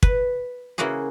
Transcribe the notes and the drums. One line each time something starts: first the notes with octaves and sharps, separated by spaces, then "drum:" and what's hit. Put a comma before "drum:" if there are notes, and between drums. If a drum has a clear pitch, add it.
B4, drum: kick
C#3 A#3 E4 F#4 G#4